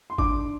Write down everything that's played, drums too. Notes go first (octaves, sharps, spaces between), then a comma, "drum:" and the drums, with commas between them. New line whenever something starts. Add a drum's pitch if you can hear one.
C6
D4 D6, drum: kick